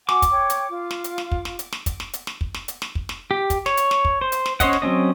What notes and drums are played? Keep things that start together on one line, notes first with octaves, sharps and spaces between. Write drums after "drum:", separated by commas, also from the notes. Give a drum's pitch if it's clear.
F#4 F#5 G#5 D6, drum: snare
drum: kick, hi-hat
C#5 G5
drum: hi-hat
F4
drum: snare
drum: hi-hat
drum: snare
drum: kick
drum: snare
drum: hi-hat
drum: snare
drum: kick, hi-hat
drum: snare
drum: hi-hat
drum: snare
drum: kick
drum: snare
drum: hi-hat
drum: snare
drum: kick
drum: snare
G4
drum: kick, hi-hat
C#5, drum: snare
drum: hi-hat
drum: snare
drum: kick
C5
drum: hi-hat
drum: snare
C#4 C5 C#5 D#5 F#5, drum: kick, hi-hat
drum: snare
F#3 C4 C#4 D#5